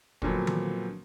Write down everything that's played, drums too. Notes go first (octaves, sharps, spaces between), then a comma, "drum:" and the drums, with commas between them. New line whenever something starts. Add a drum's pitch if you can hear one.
A#2 D3 F3 F#3 B3 C4, drum: kick
drum: tom D#3